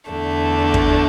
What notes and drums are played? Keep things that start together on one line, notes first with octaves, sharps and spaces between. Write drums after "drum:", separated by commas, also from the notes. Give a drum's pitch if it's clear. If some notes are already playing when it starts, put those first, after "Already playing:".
E2 D3 A3 D4
drum: kick